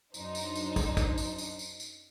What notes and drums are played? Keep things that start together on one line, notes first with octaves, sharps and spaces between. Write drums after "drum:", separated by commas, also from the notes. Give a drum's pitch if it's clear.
F#2 D4 D#4 C5, drum: tambourine
drum: tambourine
drum: tambourine
drum: kick, tambourine
drum: kick, tambourine
drum: tambourine
drum: tambourine
drum: tambourine
drum: tambourine